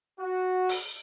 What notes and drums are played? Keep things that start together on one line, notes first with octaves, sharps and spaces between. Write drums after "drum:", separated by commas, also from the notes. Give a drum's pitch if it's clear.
F#4
drum: open hi-hat